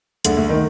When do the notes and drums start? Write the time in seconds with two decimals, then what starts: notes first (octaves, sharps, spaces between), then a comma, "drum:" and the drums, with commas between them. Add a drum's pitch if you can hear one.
0.25 D2 D3, drum: hi-hat
0.37 D2 D3
0.49 D#3